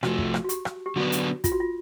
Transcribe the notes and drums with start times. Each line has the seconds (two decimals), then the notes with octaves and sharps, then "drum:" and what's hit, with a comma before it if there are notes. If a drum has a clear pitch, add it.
0.03 C3 F3 A3 F#4, drum: rim click
0.18 drum: kick
0.34 drum: rim click
0.44 F#4
0.49 G4, drum: hi-hat
0.65 drum: rim click
0.86 G4
0.96 D3 F#3 B3 D4 F#4
1.12 drum: hi-hat
1.44 F4, drum: kick, hi-hat
1.52 F#4
1.60 F4